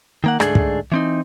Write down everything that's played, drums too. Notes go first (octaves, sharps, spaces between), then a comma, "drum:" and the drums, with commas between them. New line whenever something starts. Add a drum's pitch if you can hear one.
D#3 A#3 F#5
D2 G#2 A3 D4 G#4, drum: rim click
drum: kick
E3 C4 D#4